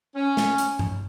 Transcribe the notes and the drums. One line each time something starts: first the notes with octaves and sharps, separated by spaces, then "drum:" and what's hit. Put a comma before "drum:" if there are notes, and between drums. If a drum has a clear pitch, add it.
C#4
drum: snare
drum: hi-hat
drum: tom G2